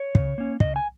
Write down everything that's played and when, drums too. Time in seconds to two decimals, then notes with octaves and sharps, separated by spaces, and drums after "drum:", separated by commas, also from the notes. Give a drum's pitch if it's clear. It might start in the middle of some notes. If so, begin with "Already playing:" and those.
Already playing: C#5
0.15 C#3, drum: kick
0.38 A#3 C#4
0.60 C#3 D#5, drum: kick
0.76 G#5